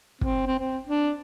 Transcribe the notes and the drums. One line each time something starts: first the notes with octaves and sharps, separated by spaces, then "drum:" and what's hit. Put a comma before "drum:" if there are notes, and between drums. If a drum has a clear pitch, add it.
C4, drum: kick
C4
C4
D4